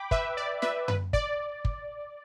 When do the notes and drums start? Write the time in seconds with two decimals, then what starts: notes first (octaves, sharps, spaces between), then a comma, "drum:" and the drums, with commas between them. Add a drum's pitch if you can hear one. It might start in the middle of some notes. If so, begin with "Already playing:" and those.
Already playing: G5 B5 D6
0.11 B4 E5, drum: kick
0.37 D5
0.62 B4 E5, drum: snare
0.88 B4, drum: tom F#2
1.13 D5, drum: kick
1.65 drum: kick